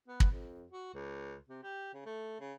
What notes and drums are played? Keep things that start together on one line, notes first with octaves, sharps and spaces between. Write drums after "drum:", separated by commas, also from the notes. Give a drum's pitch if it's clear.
B3
drum: kick
F2
F#4
C#2
C3
G4
C#3
A3
C#3